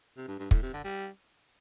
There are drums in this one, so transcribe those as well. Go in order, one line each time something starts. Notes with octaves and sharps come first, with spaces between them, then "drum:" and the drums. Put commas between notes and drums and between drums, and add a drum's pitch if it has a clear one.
C3
G2
G2
A2, drum: kick
C3
D3
G3